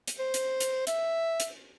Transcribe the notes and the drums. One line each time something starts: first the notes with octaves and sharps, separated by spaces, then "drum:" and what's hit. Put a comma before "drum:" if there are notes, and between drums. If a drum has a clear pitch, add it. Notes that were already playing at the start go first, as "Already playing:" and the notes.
drum: hi-hat
C5
drum: hi-hat
drum: hi-hat
E5, drum: hi-hat
drum: hi-hat